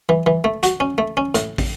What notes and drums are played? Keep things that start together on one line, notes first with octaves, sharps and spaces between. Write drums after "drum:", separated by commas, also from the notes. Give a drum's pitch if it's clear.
E3
E3
A3
F#4, drum: hi-hat
C#4
A3
C#4
A2, drum: hi-hat
drum: kick, open hi-hat